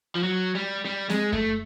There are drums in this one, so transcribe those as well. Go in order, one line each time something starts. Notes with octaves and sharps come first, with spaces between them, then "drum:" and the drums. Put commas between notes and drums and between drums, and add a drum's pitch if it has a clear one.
F3
F#3
G3
G3
G#3, drum: snare C4
A3, drum: kick F#2